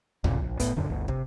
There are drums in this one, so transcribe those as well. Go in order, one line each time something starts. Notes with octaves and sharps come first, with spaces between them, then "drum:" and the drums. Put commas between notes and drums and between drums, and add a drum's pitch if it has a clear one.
G1 F2 A#2 C#3, drum: tom C#2
A#1
A2 A3 B3, drum: kick, hi-hat
D#1 F#2 D3
G1 D2
C3, drum: kick